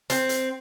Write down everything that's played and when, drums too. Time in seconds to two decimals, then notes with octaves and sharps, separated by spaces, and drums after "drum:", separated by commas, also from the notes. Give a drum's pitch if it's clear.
0.10 C4, drum: hi-hat
0.29 drum: hi-hat